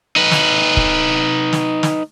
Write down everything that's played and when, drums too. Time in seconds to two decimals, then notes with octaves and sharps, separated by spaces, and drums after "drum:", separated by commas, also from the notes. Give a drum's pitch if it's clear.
0.16 D#4 B4
0.31 drum: snare
0.77 drum: kick
1.53 drum: snare
1.83 drum: snare